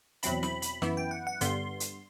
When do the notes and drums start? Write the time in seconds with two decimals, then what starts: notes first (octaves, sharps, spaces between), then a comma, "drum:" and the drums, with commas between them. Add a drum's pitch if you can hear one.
0.23 E2 B2 F#3 C4 E4 B5, drum: hi-hat
0.43 B5, drum: snare
0.62 B5, drum: hi-hat
0.82 F#2 E3 B3 E4, drum: snare
0.97 G5
1.11 F#5
1.27 F#5
1.41 G2 D3 G3 B3 C6, drum: hi-hat
1.80 drum: hi-hat